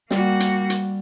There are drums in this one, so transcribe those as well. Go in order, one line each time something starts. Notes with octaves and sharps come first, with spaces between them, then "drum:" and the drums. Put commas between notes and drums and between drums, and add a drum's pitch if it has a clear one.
G3 A#3 F#4, drum: snare
drum: hi-hat
drum: hi-hat